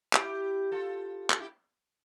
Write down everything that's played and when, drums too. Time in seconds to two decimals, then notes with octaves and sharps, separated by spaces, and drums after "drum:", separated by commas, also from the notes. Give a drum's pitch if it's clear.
0.13 E4 G4, drum: clap
0.72 F4 A4
1.30 F4 A4, drum: clap
1.40 E4 G4